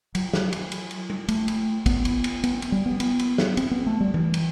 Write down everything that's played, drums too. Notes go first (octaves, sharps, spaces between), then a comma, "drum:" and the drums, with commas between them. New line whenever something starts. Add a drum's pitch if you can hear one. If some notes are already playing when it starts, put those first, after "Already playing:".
F#3, drum: cymbal
drum: snare
drum: cymbal
drum: cymbal
drum: cymbal
drum: tom G3
A3, drum: cymbal
drum: cymbal
B3, drum: kick, cymbal
drum: cymbal
drum: cymbal
B3, drum: cymbal
drum: cymbal
G3
B3
B3, drum: cymbal
drum: cymbal
drum: snare
C4, drum: cymbal
B3
A3
G3
E3, drum: tom G3
drum: cymbal